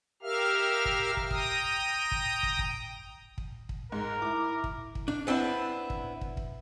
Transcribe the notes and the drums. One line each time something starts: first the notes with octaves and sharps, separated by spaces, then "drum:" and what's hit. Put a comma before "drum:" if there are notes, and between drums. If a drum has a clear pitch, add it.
G4 A#4 E5 F5 F6
drum: kick
drum: kick
G5 A#5 D#6, drum: kick
drum: kick
drum: kick
drum: kick
drum: kick
drum: kick
G#2 A#4
E4 D6
drum: kick
drum: kick
D4
B3 C4 D4 E4
drum: kick
drum: kick
drum: kick